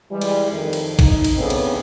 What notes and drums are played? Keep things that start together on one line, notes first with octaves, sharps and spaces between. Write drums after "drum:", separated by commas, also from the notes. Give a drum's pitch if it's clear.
E3 G3 G#3
drum: cymbal
F2 D#3
drum: cymbal
D#4, drum: kick A1, cymbal
drum: cymbal
A2 C#3 A3 B3 C4 D4
drum: cymbal